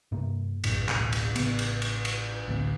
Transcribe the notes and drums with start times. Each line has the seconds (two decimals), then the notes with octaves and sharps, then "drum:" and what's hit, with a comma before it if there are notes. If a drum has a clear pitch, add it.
0.12 G2 C3 A#3
0.64 A#1 F#2 A2, drum: cymbal
0.89 D1 A1 B2, drum: clap
1.12 drum: cymbal
1.36 A1 C#3 B3, drum: cymbal
1.59 drum: cymbal
1.82 drum: cymbal
2.05 drum: cymbal
2.48 A1 D2 C4